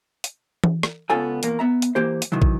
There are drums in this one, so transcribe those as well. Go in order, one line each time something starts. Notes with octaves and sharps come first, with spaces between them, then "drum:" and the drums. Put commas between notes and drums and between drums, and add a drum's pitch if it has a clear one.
drum: hi-hat
drum: tom E3
drum: rim click
C#2 B3 C#4 F4 A4 G#5
E2 A#3, drum: hi-hat
B3 E5 A#5
drum: hi-hat
E3 A#3 G4 C5
drum: hi-hat
C3 D#3 E3 F#3
drum: kick